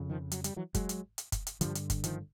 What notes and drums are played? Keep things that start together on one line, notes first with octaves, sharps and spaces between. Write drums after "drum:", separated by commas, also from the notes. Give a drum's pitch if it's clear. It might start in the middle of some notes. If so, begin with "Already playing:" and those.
Already playing: F2 C#3
D#3 F3
F#3, drum: hi-hat
G3, drum: hi-hat
E3 F#3
F#3 G#3, drum: kick, hi-hat
drum: hi-hat
drum: hi-hat
drum: kick, hi-hat
drum: hi-hat
G2 D3 F3 G3, drum: hi-hat
drum: hi-hat
drum: kick, hi-hat
D#3 F3, drum: hi-hat